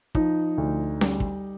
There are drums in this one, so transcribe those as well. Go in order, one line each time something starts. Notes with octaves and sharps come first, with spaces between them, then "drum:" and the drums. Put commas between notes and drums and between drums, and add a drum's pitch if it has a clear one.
F3 D#4, drum: kick
D2
G3, drum: snare C#4
drum: kick